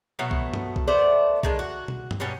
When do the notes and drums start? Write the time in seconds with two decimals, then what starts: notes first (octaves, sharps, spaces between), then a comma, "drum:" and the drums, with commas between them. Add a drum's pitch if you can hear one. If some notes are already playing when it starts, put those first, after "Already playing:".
0.19 B2 F#3 A3 B3
0.31 drum: kick B1
0.54 drum: tom G2
0.76 drum: kick B1
0.88 A3 B3 C5 D5
1.43 D#3 G#3 D4, drum: kick B1
1.59 F#4
1.88 drum: tom
2.11 drum: tom G2
2.20 B2 F#3 G3 C#4